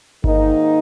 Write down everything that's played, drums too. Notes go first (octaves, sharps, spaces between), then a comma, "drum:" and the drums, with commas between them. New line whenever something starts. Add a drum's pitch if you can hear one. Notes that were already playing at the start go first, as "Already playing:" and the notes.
G#2 D#3 A#3 D#4, drum: kick G1